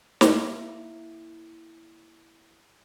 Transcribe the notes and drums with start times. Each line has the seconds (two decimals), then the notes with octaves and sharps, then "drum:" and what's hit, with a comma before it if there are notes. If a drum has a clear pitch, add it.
0.21 A#3 E4 A#4, drum: snare